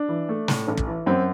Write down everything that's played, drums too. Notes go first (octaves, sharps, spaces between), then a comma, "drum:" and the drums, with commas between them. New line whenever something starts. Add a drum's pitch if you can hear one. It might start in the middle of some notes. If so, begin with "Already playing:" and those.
Already playing: D4
E3
A3
A2, drum: snare
A1
drum: kick
E3
F#2 C4